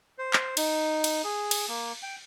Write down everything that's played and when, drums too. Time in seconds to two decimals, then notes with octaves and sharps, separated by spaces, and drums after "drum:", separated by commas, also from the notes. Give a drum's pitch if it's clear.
0.18 C5
0.33 drum: clap
0.57 D#4, drum: cymbal
1.04 drum: cymbal
1.24 G#4
1.51 drum: cymbal
1.68 A#3
2.03 G5